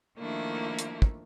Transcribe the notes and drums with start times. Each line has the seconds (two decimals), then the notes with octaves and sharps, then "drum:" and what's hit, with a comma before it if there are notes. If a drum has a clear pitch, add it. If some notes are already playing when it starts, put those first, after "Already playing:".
0.18 D#3 F3 A3 A#3 D4 E4
0.79 drum: hi-hat
1.02 drum: kick